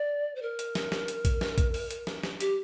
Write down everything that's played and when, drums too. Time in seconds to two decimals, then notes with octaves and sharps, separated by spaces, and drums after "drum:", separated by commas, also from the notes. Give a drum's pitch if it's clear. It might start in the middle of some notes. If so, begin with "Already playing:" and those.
Already playing: D5
0.35 C5
0.42 A#4
0.59 drum: hi-hat
0.75 drum: snare
0.92 drum: snare
1.08 drum: hi-hat
1.25 drum: kick A#1, hi-hat
1.41 drum: snare
1.58 drum: kick A#1, hi-hat
1.74 drum: open hi-hat
1.91 drum: hi-hat
2.07 drum: snare
2.23 drum: snare
2.40 G4, drum: hi-hat